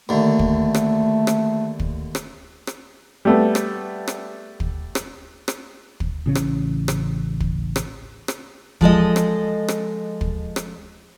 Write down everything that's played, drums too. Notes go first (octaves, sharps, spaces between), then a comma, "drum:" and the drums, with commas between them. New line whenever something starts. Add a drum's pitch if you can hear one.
D#2 D3 A3
drum: kick
drum: rim click
drum: rim click
drum: kick
drum: rim click
drum: rim click
G3 A3 B3
drum: rim click
drum: rim click
drum: kick
drum: rim click
drum: rim click
drum: kick
A1 C#3 C#4
drum: rim click
drum: rim click
drum: kick
drum: rim click
drum: rim click
F3 G#3 A4 D#5, drum: kick
drum: rim click
drum: rim click
drum: kick
drum: rim click